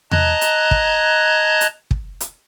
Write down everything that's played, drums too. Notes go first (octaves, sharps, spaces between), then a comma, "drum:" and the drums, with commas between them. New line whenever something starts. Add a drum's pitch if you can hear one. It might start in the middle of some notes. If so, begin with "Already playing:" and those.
D#5 A5 A#5 F#6 G#6, drum: tom E2
drum: hi-hat
drum: kick
drum: hi-hat
drum: kick
drum: hi-hat